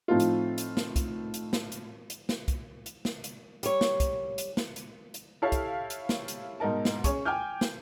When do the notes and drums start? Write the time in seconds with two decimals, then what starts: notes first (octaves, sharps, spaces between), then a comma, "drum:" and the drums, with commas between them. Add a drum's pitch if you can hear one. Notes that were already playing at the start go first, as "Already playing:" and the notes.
0.08 A2 F3 C4 D#4 F4
0.20 drum: hi-hat
0.58 drum: hi-hat
0.77 drum: snare
0.96 drum: kick, hi-hat
1.34 drum: hi-hat
1.53 drum: snare
1.72 drum: hi-hat
2.10 drum: hi-hat
2.29 drum: snare
2.48 drum: kick, hi-hat
2.86 drum: hi-hat
3.05 drum: snare
3.24 drum: hi-hat
3.63 G3 C#5, drum: hi-hat
3.81 drum: snare
4.00 drum: kick, hi-hat
4.38 drum: hi-hat
4.57 drum: snare
4.76 drum: hi-hat
5.14 drum: hi-hat
5.42 E4 G4 A4 C#5 F5
5.52 drum: kick, hi-hat
5.90 drum: hi-hat
6.09 drum: snare
6.28 drum: hi-hat
6.60 G#2 B2 D#4 A#4 A5
6.85 drum: snare
7.04 C#4 G#4 C#6, drum: kick, hi-hat
7.25 G5 G#5 D6 F6 G6
7.61 drum: snare